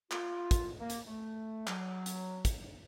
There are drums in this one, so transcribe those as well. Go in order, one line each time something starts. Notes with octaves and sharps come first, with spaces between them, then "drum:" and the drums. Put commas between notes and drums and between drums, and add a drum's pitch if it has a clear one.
F4, drum: clap
drum: kick, hi-hat
A#3
drum: hi-hat
A3
F#3, drum: clap
drum: hi-hat
drum: kick, hi-hat